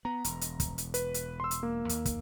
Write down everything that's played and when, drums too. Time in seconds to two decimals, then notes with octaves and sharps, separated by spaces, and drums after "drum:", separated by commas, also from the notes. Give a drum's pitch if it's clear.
0.05 B3 A#5
0.24 E1, drum: hi-hat
0.41 drum: hi-hat
0.60 drum: kick, hi-hat
0.78 drum: hi-hat
0.94 B4, drum: hi-hat
1.14 drum: hi-hat
1.40 C6 E6
1.51 drum: hi-hat
1.63 A#3
1.89 D#2, drum: hi-hat
2.05 drum: kick, hi-hat